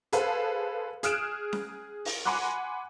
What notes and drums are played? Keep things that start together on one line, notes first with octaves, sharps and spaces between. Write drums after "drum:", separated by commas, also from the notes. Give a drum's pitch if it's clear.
G#4 A4 B4 C5 F5, drum: hi-hat
G#4 D#6 F6 F#6 D7 E7, drum: hi-hat
drum: snare C#4
drum: open hi-hat
F#5 G#5 B5 C6 D6 F#6